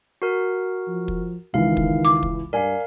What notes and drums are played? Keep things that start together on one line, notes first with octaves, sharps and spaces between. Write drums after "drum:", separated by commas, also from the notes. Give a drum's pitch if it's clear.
F#4 A#4
F3
drum: kick
C#2 D#3 E3 F5
drum: kick
D6
drum: kick
G2 A#4 D5 F5 G#5